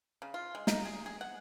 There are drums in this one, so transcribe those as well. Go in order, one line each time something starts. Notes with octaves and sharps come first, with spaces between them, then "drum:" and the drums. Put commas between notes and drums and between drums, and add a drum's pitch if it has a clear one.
C#3
F4
G#3
D#4, drum: snare
G#4
G#4
F#5